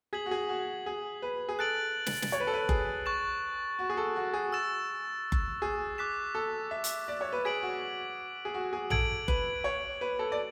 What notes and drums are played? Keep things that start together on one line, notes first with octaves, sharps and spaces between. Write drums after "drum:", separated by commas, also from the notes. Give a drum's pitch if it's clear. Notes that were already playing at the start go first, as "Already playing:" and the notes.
G#4 G#6 B6 F#7
F#4
G#4
F#4
G#4
B4
G#4
A4 F#6 A6 D7 F#7
drum: snare
drum: snare
C#5
B4
A4
B4
G#4, drum: kick F#1
C#6 F#6 A6 E7
F#4
G#4
A4
F#4
G#4
E6 A6 E7
drum: kick F#1
G#4
D6 F#6 B6 E7
A4
E5
drum: hi-hat
D5
C#5
B4
G#4 G#6 B6 D7 F#7
F#4
G#4
F#4
G#4
A4 G#6 D7 F#7, drum: tom A#1
B4, drum: kick F#1
C#5
B4
A4
D5